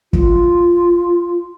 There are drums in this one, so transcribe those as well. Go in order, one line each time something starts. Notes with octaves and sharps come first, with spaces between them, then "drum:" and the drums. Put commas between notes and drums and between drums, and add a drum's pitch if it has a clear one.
F4, drum: kick